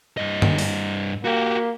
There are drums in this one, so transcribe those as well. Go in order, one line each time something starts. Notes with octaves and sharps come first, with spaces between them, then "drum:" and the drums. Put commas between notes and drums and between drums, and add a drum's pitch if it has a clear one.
G2 D#5
drum: tom
drum: open hi-hat
A#3 F#4 G4